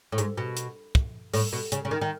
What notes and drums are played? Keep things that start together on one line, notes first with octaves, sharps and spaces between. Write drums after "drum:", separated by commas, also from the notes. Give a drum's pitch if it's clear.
A2
G#2, drum: hi-hat
B2
drum: hi-hat
drum: kick
A2, drum: open hi-hat
B2
C#3, drum: hi-hat
C#3
D#3
D#3